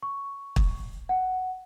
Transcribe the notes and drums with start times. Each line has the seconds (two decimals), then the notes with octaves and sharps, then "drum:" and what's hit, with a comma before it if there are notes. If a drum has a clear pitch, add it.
0.03 C#6
0.56 drum: kick
1.09 F#5